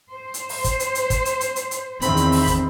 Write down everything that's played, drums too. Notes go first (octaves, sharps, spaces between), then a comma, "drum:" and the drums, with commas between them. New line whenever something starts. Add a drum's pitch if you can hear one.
C5
drum: hi-hat
drum: open hi-hat
drum: kick, hi-hat
drum: hi-hat
drum: hi-hat
drum: kick, hi-hat
drum: hi-hat
drum: hi-hat
drum: hi-hat
drum: hi-hat
E2 D#3 C4 B5, drum: hi-hat
drum: hi-hat
drum: open hi-hat
drum: kick, hi-hat